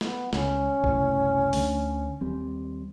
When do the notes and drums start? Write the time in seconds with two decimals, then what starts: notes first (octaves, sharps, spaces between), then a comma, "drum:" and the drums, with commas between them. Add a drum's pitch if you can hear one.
0.01 B3, drum: snare
0.33 C#2 C#3 C#4, drum: snare
0.84 F#1 C2 A2, drum: kick A#1
1.53 D2 D3 A3, drum: open hi-hat
2.21 D#2 G3 C4